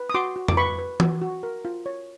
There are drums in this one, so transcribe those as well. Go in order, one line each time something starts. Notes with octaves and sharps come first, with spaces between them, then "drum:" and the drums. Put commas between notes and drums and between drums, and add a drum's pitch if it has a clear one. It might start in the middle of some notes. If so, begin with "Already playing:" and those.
Already playing: B4
D#6
F#4 C6 D6
F#4
D6, drum: tom F2
B4 B5 C#6
B4
F#4, drum: tom
F#4
A#4
F4
C#5